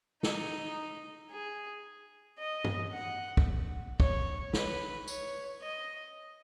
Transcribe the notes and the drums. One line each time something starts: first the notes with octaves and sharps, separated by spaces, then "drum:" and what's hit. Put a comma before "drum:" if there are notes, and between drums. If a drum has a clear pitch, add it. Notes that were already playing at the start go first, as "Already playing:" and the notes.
D#4, drum: snare
G#4
D#5
drum: tom G2
F#5
drum: kick
C#5, drum: kick
B4, drum: snare
C#5, drum: tambourine
D#5